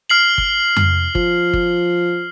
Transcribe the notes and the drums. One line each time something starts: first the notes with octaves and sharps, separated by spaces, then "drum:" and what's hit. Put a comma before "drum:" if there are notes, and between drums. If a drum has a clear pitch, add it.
F6 C7 F#7
drum: kick G1
drum: tom F2
F3, drum: kick G1
drum: kick G1